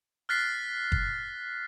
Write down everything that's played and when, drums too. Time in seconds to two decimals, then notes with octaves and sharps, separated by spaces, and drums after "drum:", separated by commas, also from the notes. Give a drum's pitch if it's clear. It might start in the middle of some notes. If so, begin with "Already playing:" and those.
0.29 F6 F#6 A6 B6 C7
0.92 drum: kick